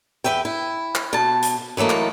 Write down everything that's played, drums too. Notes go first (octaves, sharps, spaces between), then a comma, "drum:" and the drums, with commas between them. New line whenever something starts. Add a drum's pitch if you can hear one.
E2 D#3 B4 E5 G5
E4
drum: clap
B2 A5
drum: hi-hat
E3 F#3 A3 A#3 D#4
drum: clap